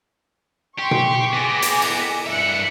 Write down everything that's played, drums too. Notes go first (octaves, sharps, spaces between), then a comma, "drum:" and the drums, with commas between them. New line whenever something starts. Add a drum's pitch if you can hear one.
G4 G5 C6 C#6
drum: tom B2
B3 G4 G#4 D6 A#6
drum: hi-hat
drum: cymbal
G2 E5 F#6 C#7 D7